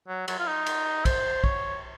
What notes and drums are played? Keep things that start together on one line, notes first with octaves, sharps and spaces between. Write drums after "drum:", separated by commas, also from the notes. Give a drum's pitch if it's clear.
F#3
F#3, drum: cymbal
F4
D#4
drum: cymbal
C5, drum: kick A#1, cymbal
C#5, drum: kick A#1